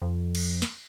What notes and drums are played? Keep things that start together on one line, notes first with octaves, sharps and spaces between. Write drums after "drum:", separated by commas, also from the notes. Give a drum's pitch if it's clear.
F2
drum: cymbal
drum: snare